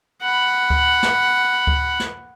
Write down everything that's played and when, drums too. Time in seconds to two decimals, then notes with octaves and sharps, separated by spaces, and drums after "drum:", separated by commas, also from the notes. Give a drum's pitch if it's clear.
0.22 F#5 B5
0.70 drum: kick D2
1.03 drum: snare
1.67 drum: kick D2
2.00 drum: snare